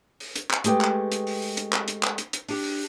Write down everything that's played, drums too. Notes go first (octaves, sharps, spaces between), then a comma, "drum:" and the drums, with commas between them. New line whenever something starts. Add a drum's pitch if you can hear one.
drum: open hi-hat
drum: hi-hat
drum: clap
G#3 A3 G4 B4 G5, drum: hi-hat
drum: clap
drum: hi-hat
drum: open hi-hat
drum: open hi-hat
drum: hi-hat
drum: clap
drum: hi-hat
drum: clap
drum: hi-hat
drum: hi-hat
D4 G4, drum: open hi-hat
drum: open hi-hat